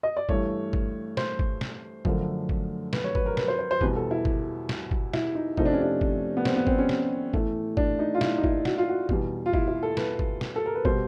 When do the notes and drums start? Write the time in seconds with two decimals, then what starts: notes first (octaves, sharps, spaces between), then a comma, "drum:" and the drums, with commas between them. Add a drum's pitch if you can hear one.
0.03 D#5
0.17 D5
0.29 G2 E3 A3 C#5, drum: kick
0.73 drum: kick
1.17 C5, drum: snare
1.39 drum: kick
1.61 drum: snare
2.05 F#2 D3 F3 A3, drum: kick
2.49 drum: kick
2.93 B4, drum: snare
3.04 C#5
3.15 B4, drum: kick
3.26 A#4
3.37 B4, drum: snare
3.48 C5
3.59 C5
3.71 C5
3.81 E2 B2 G3 B4, drum: kick
3.96 A4
4.11 E4
4.25 drum: kick
4.69 drum: snare
4.91 drum: kick
5.13 E4, drum: snare
5.35 D#4
5.57 F2 C3 F3 A3 D#4, drum: kick
5.65 D4
5.73 C#4
5.82 D4
6.01 drum: kick
6.37 B3
6.45 C4, drum: snare
6.56 B3
6.67 C4, drum: kick
6.78 C#4
6.89 drum: snare
7.34 A2 E3 A3, drum: kick
7.77 D4, drum: kick
7.99 D#4
8.14 F4
8.21 E4, drum: snare
8.38 D#4
8.44 E4, drum: kick
8.65 F#4, drum: snare
8.78 F4
8.89 F#4
9.09 E2 B2 G3, drum: kick
9.46 F4
9.53 E4, drum: kick
9.68 E4
9.83 A4
9.97 B4, drum: snare
10.19 drum: kick
10.41 drum: snare
10.56 A4
10.66 A#4
10.75 B4
10.85 B2 G3 C5, drum: kick